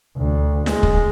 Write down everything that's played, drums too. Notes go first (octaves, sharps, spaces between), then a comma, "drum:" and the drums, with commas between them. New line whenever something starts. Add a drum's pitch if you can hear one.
D2
G#3, drum: snare
drum: kick